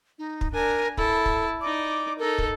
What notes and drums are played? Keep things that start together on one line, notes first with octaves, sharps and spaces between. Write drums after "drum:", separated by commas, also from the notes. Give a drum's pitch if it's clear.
D#4
drum: kick
D4 A#4 G#5
E4 A4 A5, drum: kick
drum: kick
D#4 D5 D6
D#4 A4 A#4
drum: kick